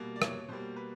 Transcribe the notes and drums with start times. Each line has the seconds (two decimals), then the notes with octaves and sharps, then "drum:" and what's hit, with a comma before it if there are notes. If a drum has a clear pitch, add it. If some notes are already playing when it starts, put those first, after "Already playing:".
Already playing: B2 G3 A#3
0.16 D5
0.22 C#5, drum: rim click
0.48 B2 G3 A#3 C5
0.76 B4